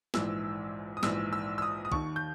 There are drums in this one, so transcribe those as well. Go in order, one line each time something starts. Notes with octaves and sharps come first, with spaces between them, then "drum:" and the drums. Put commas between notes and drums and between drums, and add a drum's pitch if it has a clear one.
A#1 G#2 E3 E6, drum: snare
D#6
A#1 G#2 E3 E6, drum: snare
E6
E6
D#6
D#6
D#2 D#3 C#6, drum: kick
G6